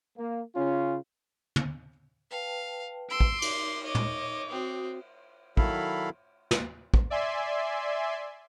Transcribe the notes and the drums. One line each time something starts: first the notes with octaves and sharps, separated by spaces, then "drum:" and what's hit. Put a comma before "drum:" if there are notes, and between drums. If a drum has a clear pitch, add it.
A#3
C#3 C#4 F4
drum: tom
B4 F5 G5 A5
C6 E6 D7
drum: kick
D#4 D6, drum: cymbal
C#5 D#5 D6
drum: tom
C4 F#4 G5 D#6
D#3 F#3 E4 A4 F5 B5, drum: kick
drum: snare
drum: kick
D5 E5 G#5 C6